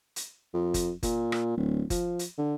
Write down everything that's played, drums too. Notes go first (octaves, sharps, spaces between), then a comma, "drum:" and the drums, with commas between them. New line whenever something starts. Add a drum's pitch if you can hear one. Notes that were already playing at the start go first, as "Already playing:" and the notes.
drum: hi-hat
F2
drum: kick F#1, hi-hat
A#2, drum: kick F#1, hi-hat
drum: rim click
D1
F3, drum: kick F#1, hi-hat
drum: hi-hat
D3